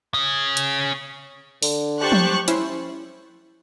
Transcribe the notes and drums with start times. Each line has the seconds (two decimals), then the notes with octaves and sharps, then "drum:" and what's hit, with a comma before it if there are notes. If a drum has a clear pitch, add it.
0.14 C#4 G#4
0.57 drum: hi-hat
1.62 D3, drum: open hi-hat
2.00 G4 C5 A5 C#6 F#6
2.12 drum: tom F3
2.48 C#4 E4 C5, drum: hi-hat